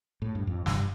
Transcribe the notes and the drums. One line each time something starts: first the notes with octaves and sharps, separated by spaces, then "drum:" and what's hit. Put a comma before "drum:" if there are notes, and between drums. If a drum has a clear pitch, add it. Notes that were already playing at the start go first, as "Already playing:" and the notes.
A2
G2
F2
G2, drum: snare